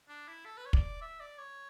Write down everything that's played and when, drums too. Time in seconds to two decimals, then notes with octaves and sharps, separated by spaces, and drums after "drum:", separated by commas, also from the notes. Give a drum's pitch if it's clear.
0.08 D4
0.28 E4
0.45 A4
0.57 B4
0.66 C#5
0.73 D5, drum: kick
1.02 E5
1.20 D5
1.38 C#5